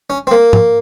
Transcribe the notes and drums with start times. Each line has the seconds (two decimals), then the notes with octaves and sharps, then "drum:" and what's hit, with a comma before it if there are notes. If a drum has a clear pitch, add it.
0.10 C#4
0.27 C4
0.31 A#3
0.53 drum: tom G#2